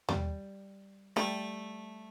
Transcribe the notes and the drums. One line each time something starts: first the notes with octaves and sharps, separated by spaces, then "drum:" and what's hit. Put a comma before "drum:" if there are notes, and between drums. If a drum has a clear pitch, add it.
G3, drum: tom D#2
G3 A3